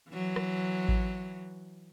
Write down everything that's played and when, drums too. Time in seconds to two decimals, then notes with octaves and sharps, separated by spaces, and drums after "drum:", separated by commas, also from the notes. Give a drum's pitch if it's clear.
0.10 E3 F#3
0.36 drum: rim click
0.88 drum: kick A1